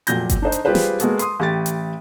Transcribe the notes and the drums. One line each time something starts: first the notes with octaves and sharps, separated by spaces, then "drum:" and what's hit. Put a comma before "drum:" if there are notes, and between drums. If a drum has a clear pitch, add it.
F1 A#2 F#3 G6 A#6, drum: hi-hat
drum: kick G1, hi-hat
D4 D#4 C5 D#5
drum: hi-hat
G3 F4 G4 G#4 B4 C5
drum: snare
G#3 A#3 B3 F#4 G#4 A4, drum: hi-hat
C6 D#6, drum: hi-hat
A1 G4 A6
drum: hi-hat